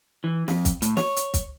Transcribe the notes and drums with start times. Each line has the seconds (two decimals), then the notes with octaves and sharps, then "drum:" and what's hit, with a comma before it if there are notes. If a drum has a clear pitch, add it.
0.24 E3
0.48 F2, drum: snare
0.65 drum: kick, hi-hat
0.82 A2, drum: hi-hat
0.97 C#5, drum: snare
1.16 drum: hi-hat
1.34 drum: kick, hi-hat